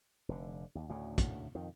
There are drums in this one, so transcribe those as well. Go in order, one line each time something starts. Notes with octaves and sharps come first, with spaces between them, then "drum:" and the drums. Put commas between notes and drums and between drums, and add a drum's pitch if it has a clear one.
F1 D3
D#2
D2 A2 C#3
drum: kick, hi-hat
F2 D#3